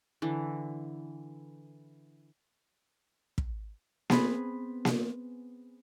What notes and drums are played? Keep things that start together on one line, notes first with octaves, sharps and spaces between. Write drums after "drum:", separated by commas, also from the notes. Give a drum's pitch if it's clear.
D3 E3
drum: kick
B3 C4 G#4 B4, drum: snare A#3
drum: snare A#3